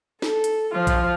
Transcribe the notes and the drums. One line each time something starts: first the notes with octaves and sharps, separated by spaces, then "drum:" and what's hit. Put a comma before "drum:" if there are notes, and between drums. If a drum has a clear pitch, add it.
A4, drum: snare
drum: hi-hat
F3 F4
drum: kick A#1, hi-hat